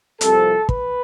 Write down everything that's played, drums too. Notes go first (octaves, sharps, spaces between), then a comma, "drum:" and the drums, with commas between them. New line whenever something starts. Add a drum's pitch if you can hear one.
C2 C3 F3 A4, drum: hi-hat
B4, drum: kick